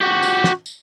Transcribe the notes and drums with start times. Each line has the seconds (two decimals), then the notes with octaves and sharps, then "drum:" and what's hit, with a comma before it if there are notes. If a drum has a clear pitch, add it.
0.01 F#4 G4
0.23 drum: tambourine
0.44 drum: snare
0.66 drum: tambourine